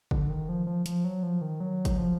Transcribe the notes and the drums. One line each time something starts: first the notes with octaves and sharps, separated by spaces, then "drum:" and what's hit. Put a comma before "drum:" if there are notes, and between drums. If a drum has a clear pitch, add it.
D3, drum: kick
D#3
F3
F3
F3, drum: hi-hat
F#3
F3
D#3
F#3
drum: kick, hi-hat
F3